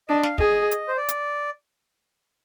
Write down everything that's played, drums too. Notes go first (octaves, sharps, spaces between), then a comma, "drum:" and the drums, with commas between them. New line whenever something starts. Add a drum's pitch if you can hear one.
D4 D#5
F5, drum: snare
G#4 D#5, drum: kick
drum: hi-hat
C5
D5
drum: hi-hat